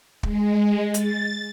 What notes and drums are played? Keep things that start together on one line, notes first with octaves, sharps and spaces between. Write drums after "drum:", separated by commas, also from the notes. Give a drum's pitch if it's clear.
G#3, drum: kick
A6, drum: hi-hat